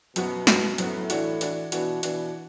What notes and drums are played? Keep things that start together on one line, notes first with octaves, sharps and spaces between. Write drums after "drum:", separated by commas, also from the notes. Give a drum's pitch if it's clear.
F#2 B2 F#3 B3 F#4, drum: hi-hat
F#2 F#3 B3 F#4, drum: snare
F#2 A2 F#3 B3 F#4, drum: hi-hat
E3 D4 F#4, drum: hi-hat
E3 D4 F#4, drum: hi-hat
B2 E3 D4 F#4, drum: hi-hat
B2 E3 D4 F#4, drum: hi-hat